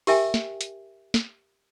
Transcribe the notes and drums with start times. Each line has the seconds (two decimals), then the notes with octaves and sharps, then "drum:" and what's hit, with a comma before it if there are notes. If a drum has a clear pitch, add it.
0.07 G4 A#4 E5 G5 G#5, drum: open hi-hat
0.34 drum: snare
0.61 drum: hi-hat
1.14 drum: snare